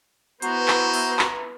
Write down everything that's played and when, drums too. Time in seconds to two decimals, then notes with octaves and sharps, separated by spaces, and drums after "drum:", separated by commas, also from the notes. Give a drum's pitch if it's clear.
0.42 B3 E4 F#4 B4 C5 A#5, drum: hi-hat
0.68 drum: clap
0.93 drum: open hi-hat
1.19 drum: clap